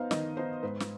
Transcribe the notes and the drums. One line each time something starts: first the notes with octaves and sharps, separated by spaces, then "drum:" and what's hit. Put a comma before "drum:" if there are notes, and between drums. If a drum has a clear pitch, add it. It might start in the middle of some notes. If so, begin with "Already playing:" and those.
Already playing: B3 D#4 C5 F5
D#3 D#5, drum: snare
B3 D#4 C5
G#2 B4
drum: snare